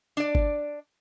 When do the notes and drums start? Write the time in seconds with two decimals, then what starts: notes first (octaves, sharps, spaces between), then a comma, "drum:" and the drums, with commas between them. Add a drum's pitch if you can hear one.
0.17 D4 D5
0.35 drum: kick G1